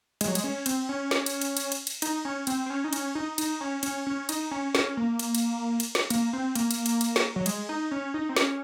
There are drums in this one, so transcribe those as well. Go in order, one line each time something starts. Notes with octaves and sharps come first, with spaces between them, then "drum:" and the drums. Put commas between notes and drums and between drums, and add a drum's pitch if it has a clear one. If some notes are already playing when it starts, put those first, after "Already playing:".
G#3, drum: cymbal
F#3
G#3, drum: cymbal
C#4
C4, drum: cymbal
C#4
drum: snare
drum: cymbal
drum: cymbal
drum: cymbal
drum: cymbal
drum: cymbal
D#4, drum: cymbal
C#4
C4, drum: cymbal
C4
C#4
D#4
C#4, drum: cymbal
D#4
D#4, drum: cymbal
C#4
C#4, drum: cymbal
C#4
D#4, drum: cymbal
C#4
C#4, drum: snare
A#3
drum: cymbal
drum: cymbal
drum: cymbal
drum: snare
A#3, drum: cymbal
C4
A#3, drum: cymbal
drum: cymbal
drum: cymbal
drum: cymbal
drum: snare
F#3
G#3, drum: cymbal
D#4
C#4
D#4
C4
C#4, drum: snare